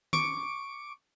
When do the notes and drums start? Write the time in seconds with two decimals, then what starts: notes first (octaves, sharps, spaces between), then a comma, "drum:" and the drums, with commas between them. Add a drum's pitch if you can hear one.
0.13 C#6 D6 D7, drum: tom D#3